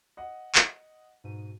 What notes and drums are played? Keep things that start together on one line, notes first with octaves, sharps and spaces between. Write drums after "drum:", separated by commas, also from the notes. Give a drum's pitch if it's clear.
D#5 F#5
drum: clap
G#2 B2 D#7